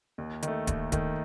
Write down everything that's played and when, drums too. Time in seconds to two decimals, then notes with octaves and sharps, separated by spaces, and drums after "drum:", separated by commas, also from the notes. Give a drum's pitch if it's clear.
0.18 D#2
0.43 D#3, drum: hi-hat
0.48 A3
0.67 D#2, drum: kick D1, hi-hat
0.92 D#3 A3, drum: kick D1, hi-hat